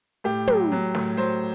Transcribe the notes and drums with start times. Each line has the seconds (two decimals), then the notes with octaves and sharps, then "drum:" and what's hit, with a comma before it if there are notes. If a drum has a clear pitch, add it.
0.24 A2 G4
0.47 F#3, drum: tom
0.72 F#3
0.95 A2, drum: snare
1.17 F#3 C5